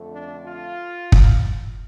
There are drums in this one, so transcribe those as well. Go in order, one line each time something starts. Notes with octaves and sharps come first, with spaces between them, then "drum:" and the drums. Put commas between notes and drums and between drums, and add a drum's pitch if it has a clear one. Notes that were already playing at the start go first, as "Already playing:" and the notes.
Already playing: F2 D3 A3
D4
F4
drum: kick